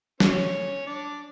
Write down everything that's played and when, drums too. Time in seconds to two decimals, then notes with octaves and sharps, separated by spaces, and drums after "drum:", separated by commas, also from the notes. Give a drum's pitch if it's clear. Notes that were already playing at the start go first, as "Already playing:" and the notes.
0.20 C#4 C#5, drum: snare
0.87 D4 D5